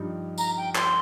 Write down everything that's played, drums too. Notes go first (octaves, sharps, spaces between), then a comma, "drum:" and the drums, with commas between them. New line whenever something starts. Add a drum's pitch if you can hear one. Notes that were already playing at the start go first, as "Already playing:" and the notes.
Already playing: G2 F3 D#4 G4
A#5, drum: tambourine
G5
C6, drum: clap